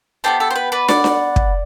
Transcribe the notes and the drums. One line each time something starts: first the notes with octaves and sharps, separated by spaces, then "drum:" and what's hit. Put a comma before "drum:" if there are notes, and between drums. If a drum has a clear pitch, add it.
B3 D4 G4 A4 C5
A4
C5
B4
B4 D5
D5 F#5, drum: snare
drum: snare
drum: kick